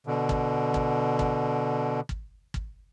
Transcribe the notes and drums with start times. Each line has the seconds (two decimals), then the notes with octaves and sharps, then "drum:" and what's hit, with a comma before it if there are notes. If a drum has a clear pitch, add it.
0.07 B2 D3
0.29 drum: kick
0.74 drum: kick
1.19 drum: kick
2.09 drum: kick
2.54 drum: kick